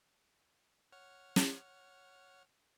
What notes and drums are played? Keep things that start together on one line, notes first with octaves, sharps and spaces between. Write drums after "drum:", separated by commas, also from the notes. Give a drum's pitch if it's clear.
C#5 F#5 F6
drum: snare